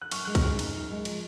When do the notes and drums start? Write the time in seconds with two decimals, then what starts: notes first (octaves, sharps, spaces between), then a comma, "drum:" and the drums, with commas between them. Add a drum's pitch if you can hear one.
0.02 F#6
0.11 F#2 C#6 F6, drum: cymbal
0.25 G#3 F#6
0.35 C#6 F6, drum: kick, cymbal
0.43 C#3
0.59 D#4, drum: cymbal
0.75 F#2
0.90 G#3
1.05 F3, drum: cymbal